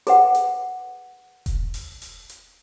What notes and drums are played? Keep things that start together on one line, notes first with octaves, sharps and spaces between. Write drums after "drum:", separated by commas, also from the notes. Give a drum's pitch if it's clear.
G#4 B4 F#5, drum: hi-hat
drum: hi-hat
drum: kick E1, hi-hat
drum: open hi-hat
drum: open hi-hat
drum: hi-hat